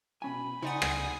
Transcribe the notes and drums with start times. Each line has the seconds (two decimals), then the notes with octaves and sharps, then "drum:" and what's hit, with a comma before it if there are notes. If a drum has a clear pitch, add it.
0.22 B2 C#4 G#5 B5
0.62 C#3 D#4 C5 D5 F#5 G#5 D#6
0.82 drum: rim click